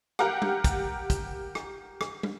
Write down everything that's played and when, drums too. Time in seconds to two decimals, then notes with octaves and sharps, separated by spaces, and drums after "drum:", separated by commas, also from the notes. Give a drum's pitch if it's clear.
0.19 G4 A#4 F5 F#5, drum: rim click
0.42 drum: tom
0.64 drum: kick, hi-hat
1.10 drum: kick, hi-hat
1.55 drum: rim click
2.01 drum: rim click
2.23 drum: tom